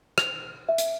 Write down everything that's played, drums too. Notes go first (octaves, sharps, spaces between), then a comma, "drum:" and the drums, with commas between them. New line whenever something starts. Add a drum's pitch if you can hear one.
F7, drum: rim click
E5
drum: hi-hat